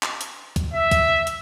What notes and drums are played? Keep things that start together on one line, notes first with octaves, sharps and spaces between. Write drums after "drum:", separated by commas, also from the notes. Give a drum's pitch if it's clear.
drum: clap
drum: hi-hat
drum: kick, hi-hat
E5
drum: kick, hi-hat
drum: hi-hat